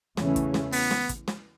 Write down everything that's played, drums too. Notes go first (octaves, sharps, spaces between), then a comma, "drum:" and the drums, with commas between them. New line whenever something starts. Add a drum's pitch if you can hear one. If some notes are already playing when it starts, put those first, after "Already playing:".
E2 C#3 E3 A3 C#4, drum: snare
drum: kick, hi-hat
drum: snare
B3, drum: open hi-hat
drum: snare
drum: kick, hi-hat
drum: snare